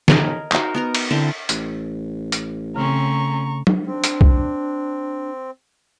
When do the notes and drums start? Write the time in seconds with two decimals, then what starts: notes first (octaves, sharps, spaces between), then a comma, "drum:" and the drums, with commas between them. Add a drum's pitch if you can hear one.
0.08 A#4 D#5 G#5, drum: snare
0.52 D#4 F#4 A#4 C5, drum: clap
0.74 B3 A#4 A#5
0.95 drum: cymbal
1.11 D3 C4 E4 C5
1.49 A1, drum: hi-hat
2.32 drum: hi-hat
2.76 C#3 A3 C4 C#4 A#5 C#6
3.67 drum: tom
3.87 C4 D4
4.04 drum: hi-hat
4.21 drum: kick B1